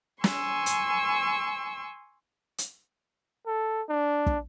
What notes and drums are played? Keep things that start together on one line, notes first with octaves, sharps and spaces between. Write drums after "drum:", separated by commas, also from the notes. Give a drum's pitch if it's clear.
G#5 C6 C#6 E6, drum: snare
drum: hi-hat
drum: hi-hat
A4
D4
drum: kick